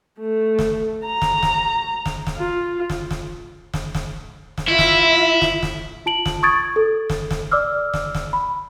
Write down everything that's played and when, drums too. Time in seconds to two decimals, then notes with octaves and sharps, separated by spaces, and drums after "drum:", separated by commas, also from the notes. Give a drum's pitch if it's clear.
0.20 A3
0.59 drum: snare
1.06 A#5
1.22 drum: snare
1.43 drum: snare
2.06 drum: snare
2.27 drum: snare
2.37 F4
2.90 drum: snare
3.11 drum: snare
3.74 drum: snare
3.95 drum: snare
4.58 drum: snare
4.68 E4 F4 E5
4.79 drum: snare
5.42 drum: snare
5.63 drum: snare
6.06 F4 A5 D7 F#7
6.26 drum: snare
6.43 C#6 D#6 G#6 A6 D7
6.76 A4
7.10 drum: snare
7.31 drum: snare
7.52 D5 D6 E6 F6
7.94 drum: snare
8.15 drum: snare
8.33 B5